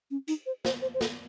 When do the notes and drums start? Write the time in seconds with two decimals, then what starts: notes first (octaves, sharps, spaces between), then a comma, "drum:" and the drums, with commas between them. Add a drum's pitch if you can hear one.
0.11 C#4
0.28 D#4, drum: hi-hat
0.46 C5
0.65 C5, drum: snare
0.82 C5
0.94 C5
1.01 A4, drum: snare